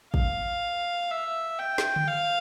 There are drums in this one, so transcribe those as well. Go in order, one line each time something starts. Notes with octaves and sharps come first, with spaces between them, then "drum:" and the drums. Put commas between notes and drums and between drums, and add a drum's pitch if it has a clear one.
F5, drum: kick
E5
G5
drum: snare
drum: tom D3
F5